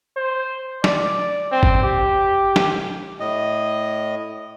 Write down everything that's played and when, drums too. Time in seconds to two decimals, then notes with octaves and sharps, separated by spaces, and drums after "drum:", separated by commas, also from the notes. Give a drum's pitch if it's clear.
0.17 C5
0.84 D5, drum: snare
1.52 C4
1.63 drum: kick G1
1.83 G4
2.56 drum: snare
3.20 A2 D#5